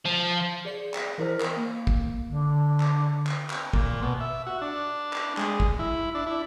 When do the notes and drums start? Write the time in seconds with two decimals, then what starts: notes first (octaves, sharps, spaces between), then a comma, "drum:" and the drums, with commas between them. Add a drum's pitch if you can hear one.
0.06 F3
0.65 G#4 D5 C#7
0.94 drum: clap
1.18 E3 E4 A#4 C5
1.41 drum: clap
1.56 A#3
1.87 drum: kick
2.29 D3
2.80 drum: clap
3.27 drum: clap
3.50 drum: clap
3.73 A#2, drum: kick
4.02 B2
4.20 E5
4.47 F#4
4.62 D4
5.13 drum: clap
5.37 G#3, drum: clap
5.60 drum: kick
5.79 E4
6.15 D4
6.27 E4